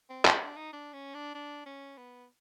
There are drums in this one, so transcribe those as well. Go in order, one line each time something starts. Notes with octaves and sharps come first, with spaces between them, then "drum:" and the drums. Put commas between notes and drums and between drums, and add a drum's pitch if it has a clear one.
C4
C#4, drum: clap
D4
D#4
D4
C#4
D4
D4
C#4
B3